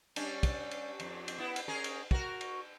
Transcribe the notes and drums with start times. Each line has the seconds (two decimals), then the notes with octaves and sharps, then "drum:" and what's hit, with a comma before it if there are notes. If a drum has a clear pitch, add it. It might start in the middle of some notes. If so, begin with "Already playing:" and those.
0.16 G3 C#4 D4, drum: cymbal
0.43 drum: kick, cymbal
0.71 drum: cymbal
1.00 F2, drum: cymbal
1.28 drum: cymbal
1.38 B3 E4
1.56 drum: cymbal
1.68 C#4 G#4 A#4
1.84 drum: cymbal
2.11 F#4 A#4, drum: kick
2.41 drum: cymbal